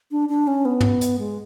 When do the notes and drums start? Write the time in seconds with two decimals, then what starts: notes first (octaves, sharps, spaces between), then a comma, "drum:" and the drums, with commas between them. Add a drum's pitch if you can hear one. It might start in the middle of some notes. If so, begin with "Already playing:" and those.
0.11 D4
0.29 D4
0.47 C#4
0.65 B3
0.80 drum: tom
1.01 drum: hi-hat
1.19 G#3